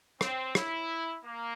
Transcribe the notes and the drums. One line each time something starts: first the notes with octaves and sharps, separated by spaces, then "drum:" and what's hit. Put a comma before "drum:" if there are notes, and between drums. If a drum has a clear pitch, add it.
C4, drum: rim click
E4, drum: rim click
A#3